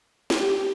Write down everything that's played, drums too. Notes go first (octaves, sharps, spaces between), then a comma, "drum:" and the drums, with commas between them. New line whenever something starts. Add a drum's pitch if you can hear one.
G4, drum: snare